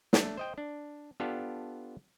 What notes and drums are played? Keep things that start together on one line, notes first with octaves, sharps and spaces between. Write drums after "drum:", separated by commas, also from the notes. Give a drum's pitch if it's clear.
A3 D4, drum: snare
C5 D#5 G5
D4
B3 D4 F4 G4 A4 F5